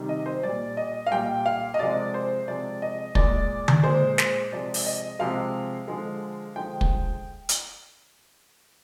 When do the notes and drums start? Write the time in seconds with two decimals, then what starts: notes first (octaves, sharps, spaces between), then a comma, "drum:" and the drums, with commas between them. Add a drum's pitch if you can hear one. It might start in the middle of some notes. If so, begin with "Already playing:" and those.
Already playing: C3 D#3 G3
0.09 D#5
0.26 C5
0.43 A#2 G3 D5
0.77 D#5
1.07 F5
1.11 A#2 G3 G5
1.46 F5
1.74 D#5
1.79 C3 F3 G#3 D5
2.14 C5
2.48 C3 F3 G#3 D5
2.82 D#5
3.15 A#2 G#3 D5, drum: kick
3.68 drum: tom D3
3.83 A#2 G#3 C5
4.18 C5, drum: snare
4.52 C3 F3 G#3 D5
4.74 drum: open hi-hat
4.86 D#5
5.19 C3 F3 G#3 F5
5.88 D3 F3 G#3
6.56 D3 F3 G#3 G5
6.81 drum: kick
7.49 drum: hi-hat